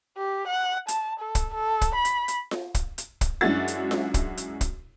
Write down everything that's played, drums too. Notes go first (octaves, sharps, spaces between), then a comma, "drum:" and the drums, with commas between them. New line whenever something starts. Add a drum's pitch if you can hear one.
G4
F#5
A5, drum: hi-hat
A4
drum: kick, hi-hat
A4
drum: kick, hi-hat
B5
drum: hi-hat
drum: hi-hat
drum: snare F4
drum: kick, hi-hat
drum: hi-hat
drum: kick, hi-hat
F#2 G#3 D4 E4 F#4 A6
drum: hi-hat
drum: snare F4
drum: kick, hi-hat
drum: hi-hat
drum: kick, hi-hat